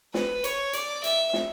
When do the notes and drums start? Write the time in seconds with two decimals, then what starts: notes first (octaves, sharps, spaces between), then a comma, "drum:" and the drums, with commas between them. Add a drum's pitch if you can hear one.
0.14 B4, drum: snare
0.44 C#5, drum: hi-hat
0.73 D5, drum: hi-hat
1.04 E5, drum: hi-hat
1.33 drum: snare